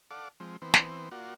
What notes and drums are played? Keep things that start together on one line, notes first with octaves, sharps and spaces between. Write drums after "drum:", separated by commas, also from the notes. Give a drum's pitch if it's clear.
A4 D5 F5 F#5 D6
F3 G#3 C4
E3 B3 C4 C5
drum: snare
A#3 F4 F#4 D5 F#5